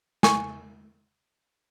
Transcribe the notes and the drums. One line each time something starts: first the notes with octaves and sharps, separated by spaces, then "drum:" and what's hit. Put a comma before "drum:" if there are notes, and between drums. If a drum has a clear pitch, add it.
G#5 C#6, drum: snare